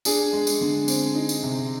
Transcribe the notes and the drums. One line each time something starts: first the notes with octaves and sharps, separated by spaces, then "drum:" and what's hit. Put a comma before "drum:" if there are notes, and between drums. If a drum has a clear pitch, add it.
D4 G#4, drum: tambourine
G#3
drum: tambourine
D3
C4, drum: tambourine
D#4
drum: tambourine
C3